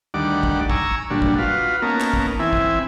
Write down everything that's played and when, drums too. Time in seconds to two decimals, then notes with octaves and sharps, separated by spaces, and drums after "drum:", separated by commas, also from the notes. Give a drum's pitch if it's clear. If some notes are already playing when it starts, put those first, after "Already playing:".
0.14 D2 D#3 G3 D5 F#5 D6
0.43 drum: kick
0.70 G#5 A#5 C#6 E6, drum: kick
1.10 A#2 D3 F#3 G3 D4
1.22 drum: kick
1.38 F4 F#4 B4 F5
1.82 A#3 B3 C#4 D#4 A#4 A5
2.00 drum: clap
2.14 drum: kick
2.39 E3 C4 E4 G#5
2.53 drum: kick